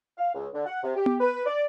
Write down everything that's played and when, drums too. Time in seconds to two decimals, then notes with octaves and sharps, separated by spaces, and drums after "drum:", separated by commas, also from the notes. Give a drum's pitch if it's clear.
0.18 F5
0.35 C#2
0.54 D3
0.66 F#5
0.83 C3
0.96 G4
1.06 drum: tom B3
1.20 B4
1.46 D5